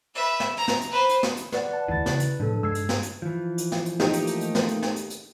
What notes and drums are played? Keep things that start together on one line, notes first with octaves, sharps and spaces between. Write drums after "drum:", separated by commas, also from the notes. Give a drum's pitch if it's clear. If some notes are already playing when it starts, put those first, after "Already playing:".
B4 E5
drum: snare
A#5
drum: snare
drum: hi-hat
B4 C5
drum: hi-hat
drum: snare
drum: hi-hat
B4 D5 F#5, drum: snare
D5 A5
F1 D2 E3 E4 A6
C#3 B4, drum: snare
drum: hi-hat
A2 C3 F3 D4 A4
G2 G#3 E6 G#6 C7
drum: hi-hat
drum: snare
drum: hi-hat
E3 F3
drum: hi-hat
drum: snare
drum: hi-hat
A3 A#3 D#4 G4, drum: snare
drum: hi-hat
drum: hi-hat
drum: hi-hat
drum: snare
drum: hi-hat
drum: snare
drum: hi-hat
drum: hi-hat